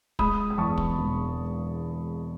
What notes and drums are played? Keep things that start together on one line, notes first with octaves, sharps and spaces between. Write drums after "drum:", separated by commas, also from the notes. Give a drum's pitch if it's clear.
G#3 B5 D#6, drum: kick
D#6
E2 A5 C#6
drum: kick
E1